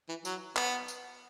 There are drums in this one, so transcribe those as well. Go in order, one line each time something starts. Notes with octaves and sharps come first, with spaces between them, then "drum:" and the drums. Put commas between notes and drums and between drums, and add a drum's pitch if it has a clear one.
E3
F#3, drum: tambourine
B3, drum: clap
drum: tambourine